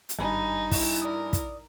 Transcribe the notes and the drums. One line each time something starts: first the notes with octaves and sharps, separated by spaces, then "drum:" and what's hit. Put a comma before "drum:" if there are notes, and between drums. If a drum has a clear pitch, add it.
drum: hi-hat
G#1 G2 D#4 G#5 B5
E4, drum: kick, open hi-hat
A#4 D5 D#6
drum: kick, hi-hat